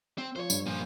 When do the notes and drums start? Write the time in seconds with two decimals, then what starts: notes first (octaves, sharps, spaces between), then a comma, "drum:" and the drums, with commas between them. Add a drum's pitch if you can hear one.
0.18 C4
0.36 F3 C5 C#5
0.50 G2, drum: tambourine
0.66 A#2 F3